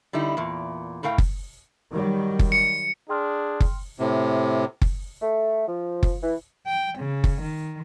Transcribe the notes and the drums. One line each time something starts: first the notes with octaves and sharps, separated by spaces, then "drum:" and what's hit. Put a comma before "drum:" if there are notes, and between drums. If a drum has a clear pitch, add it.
D3 G3 D#4 E4
E2 A#2
A2 A3 A#4 F5 G5
drum: kick F#1
D#3 F#3 G3
drum: kick F#1
C#7
D4 G#4 G5 C6 F6
drum: kick F#1
A2 C3
drum: kick F#1
A3
F3
drum: kick F#1
E3
G5
C#3
drum: kick F#1
D#3